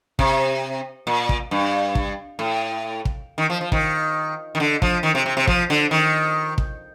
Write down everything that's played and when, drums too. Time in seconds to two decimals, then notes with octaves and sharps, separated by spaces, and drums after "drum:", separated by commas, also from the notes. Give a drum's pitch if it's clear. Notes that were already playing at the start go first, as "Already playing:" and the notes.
0.19 C3, drum: kick
1.07 A#2
1.29 drum: kick
1.51 G2
1.95 drum: kick
2.39 A2
3.05 drum: kick
3.38 D#3
3.50 F3
3.61 F3
3.72 D#3, drum: kick
4.55 D#3
4.60 D3
4.82 F3, drum: kick
5.03 D#3
5.15 C3
5.26 C3
5.37 C3
5.47 F3, drum: kick
5.70 D3
5.91 D#3
6.58 drum: kick